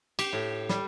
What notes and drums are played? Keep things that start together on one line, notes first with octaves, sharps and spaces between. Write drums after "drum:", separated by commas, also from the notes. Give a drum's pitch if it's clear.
G4, drum: cymbal
A2
G3, drum: snare